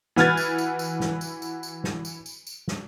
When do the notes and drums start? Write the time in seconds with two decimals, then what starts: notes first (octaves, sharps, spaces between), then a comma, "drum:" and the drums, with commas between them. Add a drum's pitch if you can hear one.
0.16 E3 F#4 B4 F6 G#6 A6, drum: snare
0.37 drum: tambourine
0.58 drum: tambourine
0.79 drum: tambourine
1.00 drum: snare
1.21 drum: tambourine
1.42 drum: tambourine
1.63 drum: tambourine
1.84 drum: snare
2.05 drum: tambourine
2.26 drum: tambourine
2.47 drum: tambourine
2.68 drum: snare